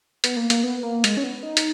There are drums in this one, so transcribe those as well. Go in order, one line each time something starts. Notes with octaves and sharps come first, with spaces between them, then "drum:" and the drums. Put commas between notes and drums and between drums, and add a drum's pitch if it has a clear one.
B3, drum: hi-hat
A#3
A#3, drum: hi-hat
B3
A#3
G#3, drum: hi-hat
C#4
B3
D#4
drum: hi-hat